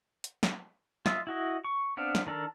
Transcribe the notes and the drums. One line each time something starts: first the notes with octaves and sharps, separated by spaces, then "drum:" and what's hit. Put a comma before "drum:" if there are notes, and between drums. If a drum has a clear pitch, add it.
drum: hi-hat
drum: snare
F4 D#5 E5, drum: snare
E4 F#4 D#5
C#6
B3 C4 D4 F5
drum: snare
D#3 D4 A4 A#4